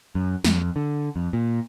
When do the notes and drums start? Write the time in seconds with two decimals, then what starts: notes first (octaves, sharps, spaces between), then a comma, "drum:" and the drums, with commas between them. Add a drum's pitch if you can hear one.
0.15 F#2
0.44 F2, drum: snare
0.76 D3
1.16 F2
1.33 A#2